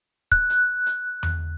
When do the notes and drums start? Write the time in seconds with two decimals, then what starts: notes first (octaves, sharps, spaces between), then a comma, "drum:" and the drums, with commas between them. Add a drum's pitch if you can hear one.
0.32 F#6, drum: kick
0.50 drum: hi-hat
0.86 drum: hi-hat
1.23 drum: tom E2